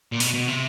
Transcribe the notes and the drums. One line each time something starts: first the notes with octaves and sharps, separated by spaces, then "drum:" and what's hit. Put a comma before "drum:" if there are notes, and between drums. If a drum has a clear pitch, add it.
A#2
B2, drum: hi-hat
B2
C3